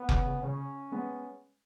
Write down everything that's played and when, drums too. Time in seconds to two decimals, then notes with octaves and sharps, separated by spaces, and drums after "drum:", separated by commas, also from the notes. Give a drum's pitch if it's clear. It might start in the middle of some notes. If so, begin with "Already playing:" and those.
Already playing: B3
0.09 C#3, drum: kick F1
0.26 C#3
0.42 C#3 C#4
0.92 G#3 B3